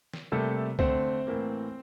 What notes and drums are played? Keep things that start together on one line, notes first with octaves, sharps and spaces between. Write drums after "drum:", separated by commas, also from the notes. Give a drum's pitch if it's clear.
drum: snare
C3 G3 A3 A#3 A4
D3 A3 C4 C5, drum: kick
A2 E3 A#3